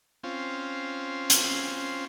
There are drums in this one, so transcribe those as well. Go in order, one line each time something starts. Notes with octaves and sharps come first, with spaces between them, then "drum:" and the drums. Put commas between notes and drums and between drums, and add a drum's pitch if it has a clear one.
C4 C#4 F4
drum: hi-hat